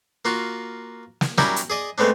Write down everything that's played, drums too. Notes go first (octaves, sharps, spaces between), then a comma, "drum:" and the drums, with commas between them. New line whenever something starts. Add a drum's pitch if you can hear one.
A#3 F4 F#4
drum: snare
F#3 G3 C#4 E4 G4 A#4, drum: snare
drum: hi-hat
G#4 D5 D#5
G#3 A3 B3 C4 D4